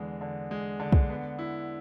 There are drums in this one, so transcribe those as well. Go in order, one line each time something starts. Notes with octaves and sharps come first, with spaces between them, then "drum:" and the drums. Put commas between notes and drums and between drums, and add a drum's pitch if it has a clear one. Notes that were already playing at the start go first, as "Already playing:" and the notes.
Already playing: E2 D3 G#3
D3
G#3
D3
drum: kick
B3
E4